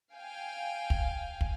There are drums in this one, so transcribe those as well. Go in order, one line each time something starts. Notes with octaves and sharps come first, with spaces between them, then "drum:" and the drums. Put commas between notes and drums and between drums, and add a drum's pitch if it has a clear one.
F5 G5 G#5
drum: kick
drum: kick